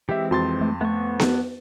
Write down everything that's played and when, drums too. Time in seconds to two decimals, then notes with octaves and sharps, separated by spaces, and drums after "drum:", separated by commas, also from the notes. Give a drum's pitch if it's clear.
0.09 E3 G#3 C4 G4 E5
0.31 F2 F#4 C6 A6
0.61 A3
0.81 A3 B3 C#6
1.20 drum: snare B3